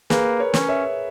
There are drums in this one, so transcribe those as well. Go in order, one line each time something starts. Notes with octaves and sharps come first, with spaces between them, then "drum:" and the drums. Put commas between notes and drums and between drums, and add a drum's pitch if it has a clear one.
A#3 G#4 B4, drum: snare
A#4 C#5
C#4, drum: snare
C#5 E5